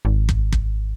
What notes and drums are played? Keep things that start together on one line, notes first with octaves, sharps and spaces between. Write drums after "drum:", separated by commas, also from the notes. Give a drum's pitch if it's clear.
G#1
drum: kick
drum: kick